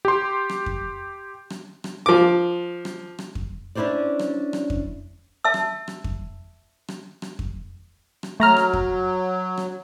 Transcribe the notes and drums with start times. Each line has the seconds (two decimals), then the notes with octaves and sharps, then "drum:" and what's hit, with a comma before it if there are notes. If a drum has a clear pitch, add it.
0.05 G4 C6
0.49 drum: rim click
0.66 drum: kick F2
1.50 drum: rim click
1.84 drum: rim click
2.06 F3 D6
2.85 drum: rim click
3.19 drum: rim click
3.35 drum: kick F2
3.75 C#4 D4 E4 F4 C5 D5
4.19 drum: rim click
4.53 drum: rim click
4.70 drum: kick F2
5.44 E5 A5 E6
5.54 drum: rim click
5.88 drum: rim click
6.04 drum: kick F2
6.88 drum: rim click
7.22 drum: rim click
7.39 drum: kick F2
8.23 drum: rim click
8.40 F#3 A3 A#5 F6
8.57 drum: rim click
8.73 drum: kick F2
9.57 drum: rim click